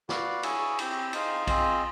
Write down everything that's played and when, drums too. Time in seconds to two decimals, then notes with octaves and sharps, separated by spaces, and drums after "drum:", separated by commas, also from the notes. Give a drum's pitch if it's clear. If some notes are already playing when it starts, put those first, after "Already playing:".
0.09 F#4 B4 D5 F5, drum: snare
0.43 E4 G#4 C#5 E5 G#5, drum: cymbal
0.79 C4 E4 G4, drum: cymbal
1.13 D#4 G#4 C5 F5 G#5, drum: cymbal
1.47 C4 F4 G#4 C5 D#5, drum: kick A#1, cymbal